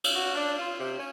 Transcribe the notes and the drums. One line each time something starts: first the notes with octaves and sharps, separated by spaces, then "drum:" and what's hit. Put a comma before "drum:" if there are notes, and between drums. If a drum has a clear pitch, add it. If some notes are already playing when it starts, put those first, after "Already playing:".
drum: cymbal
F#4
D4
F4
C3
C#4